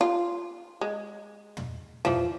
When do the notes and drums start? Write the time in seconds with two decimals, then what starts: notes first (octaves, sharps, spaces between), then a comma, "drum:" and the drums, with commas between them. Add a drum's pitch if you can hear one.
0.01 F4
0.81 G#3
1.57 drum: tom
2.05 E3 F3, drum: tom